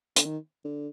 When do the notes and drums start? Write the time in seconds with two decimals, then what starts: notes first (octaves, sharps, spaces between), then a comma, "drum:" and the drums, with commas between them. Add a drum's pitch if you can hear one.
0.16 D3, drum: hi-hat
0.25 D#3
0.65 D3